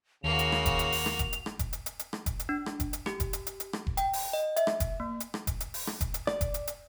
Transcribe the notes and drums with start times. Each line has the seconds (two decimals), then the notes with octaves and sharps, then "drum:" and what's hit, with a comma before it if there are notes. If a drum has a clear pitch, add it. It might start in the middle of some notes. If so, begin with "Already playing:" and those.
0.24 D#2 C#3 A#3 F#4 F7
0.39 drum: hi-hat
0.52 drum: rim click
0.66 drum: kick F1, hi-hat
0.79 drum: hi-hat
0.92 drum: open hi-hat
1.06 drum: rim click
1.19 drum: kick F1, hi-hat
1.33 drum: hi-hat
1.46 drum: rim click
1.59 drum: kick F1, hi-hat
1.73 drum: hi-hat
1.86 drum: hi-hat
1.99 drum: hi-hat
2.13 drum: rim click
2.26 drum: kick F1, hi-hat
2.40 drum: hi-hat
2.49 D4
2.66 drum: rim click
2.80 drum: kick F1, hi-hat
2.93 drum: hi-hat
3.06 G4, drum: rim click
3.20 drum: kick F1, hi-hat
3.33 drum: hi-hat
3.47 drum: hi-hat
3.60 drum: hi-hat
3.73 drum: rim click
3.87 drum: kick F1
3.97 G5, drum: hi-hat
4.13 drum: open hi-hat
4.33 D#5
4.56 E5, drum: hi-hat
4.67 drum: rim click
4.80 drum: kick F1, hi-hat
5.00 A#3
5.20 drum: hi-hat
5.34 drum: rim click
5.47 drum: kick F1, hi-hat
5.60 drum: hi-hat
5.74 drum: open hi-hat
5.87 drum: rim click
6.01 drum: kick F1, hi-hat
6.14 drum: hi-hat
6.27 D5, drum: rim click
6.41 drum: kick F1, hi-hat
6.54 drum: hi-hat
6.67 drum: hi-hat